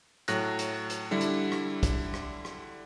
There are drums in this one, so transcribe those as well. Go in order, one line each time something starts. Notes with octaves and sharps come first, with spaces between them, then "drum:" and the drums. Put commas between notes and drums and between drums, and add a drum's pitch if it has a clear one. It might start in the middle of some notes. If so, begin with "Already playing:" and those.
A2 F#3 F#6 A#6, drum: hi-hat
drum: hi-hat
drum: hi-hat
D3 G3 E4
drum: hi-hat
drum: rim click
drum: kick, hi-hat
drum: rim click
drum: rim click